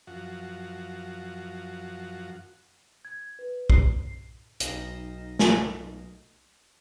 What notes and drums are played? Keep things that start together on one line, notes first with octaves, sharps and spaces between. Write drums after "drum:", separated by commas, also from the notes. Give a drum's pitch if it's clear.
F#2 F3 F#4
G#6
B4
C7, drum: kick
B1 D#4 D#5 F5 A#6 E7, drum: hi-hat
drum: snare